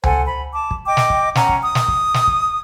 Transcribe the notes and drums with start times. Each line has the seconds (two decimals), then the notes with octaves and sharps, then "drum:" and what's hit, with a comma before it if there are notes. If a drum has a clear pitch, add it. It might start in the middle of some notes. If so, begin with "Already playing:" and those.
0.04 A4 C5 F#5 G#5, drum: tom C#2
0.25 B5
0.53 A5 D6
0.71 drum: kick
0.86 D#5 G5 D6
0.97 drum: snare
1.10 drum: kick
1.35 C#4 F#5 G#5 A#5, drum: snare
1.49 drum: kick
1.62 D#6
1.75 drum: snare
1.88 drum: kick
2.14 drum: snare
2.27 drum: kick